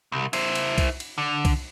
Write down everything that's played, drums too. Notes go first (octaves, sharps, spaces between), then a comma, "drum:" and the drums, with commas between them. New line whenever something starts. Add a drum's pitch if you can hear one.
C2
E4 C5, drum: cymbal
drum: cymbal
drum: kick C2, cymbal
drum: cymbal
D3
drum: kick C2, cymbal